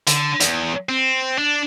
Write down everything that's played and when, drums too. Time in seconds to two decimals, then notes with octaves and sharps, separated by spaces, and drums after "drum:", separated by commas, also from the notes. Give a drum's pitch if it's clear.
0.07 D3, drum: hi-hat
0.40 E2, drum: hi-hat
0.89 C4
1.38 D4